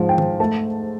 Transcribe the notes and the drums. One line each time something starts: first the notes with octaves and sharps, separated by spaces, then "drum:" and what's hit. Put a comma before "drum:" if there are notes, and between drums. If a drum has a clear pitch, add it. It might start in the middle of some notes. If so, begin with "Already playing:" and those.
Already playing: G#2 F3
G5
drum: tom D#3
A3 A5